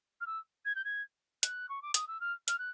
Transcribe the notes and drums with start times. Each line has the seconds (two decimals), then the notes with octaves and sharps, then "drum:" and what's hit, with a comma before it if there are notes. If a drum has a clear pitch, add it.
0.21 F6
0.26 E6
0.65 G#6
0.75 G6
0.85 G#6
1.43 F#6, drum: hi-hat
1.69 C#6
1.82 D6
1.94 D#6, drum: hi-hat
2.08 E6
2.20 F6
2.48 F6, drum: hi-hat
2.59 F#6